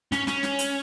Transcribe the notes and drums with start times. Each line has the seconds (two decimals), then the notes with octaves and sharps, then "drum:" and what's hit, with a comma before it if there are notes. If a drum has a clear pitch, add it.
0.12 C#4, drum: snare
0.27 C#4, drum: snare
0.43 drum: snare
0.59 drum: hi-hat